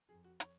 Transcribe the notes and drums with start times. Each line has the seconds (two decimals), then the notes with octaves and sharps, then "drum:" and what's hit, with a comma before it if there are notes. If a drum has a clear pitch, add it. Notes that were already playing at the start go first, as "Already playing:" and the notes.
0.09 F2 G#4
0.24 F#4
0.40 C#5, drum: hi-hat